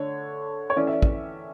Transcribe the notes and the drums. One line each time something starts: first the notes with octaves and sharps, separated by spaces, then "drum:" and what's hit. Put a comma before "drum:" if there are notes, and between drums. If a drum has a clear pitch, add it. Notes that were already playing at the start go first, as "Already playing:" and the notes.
Already playing: D3 A3 D4 C#5
C#5
E3 A3 C#4 D5
E5
D5
drum: kick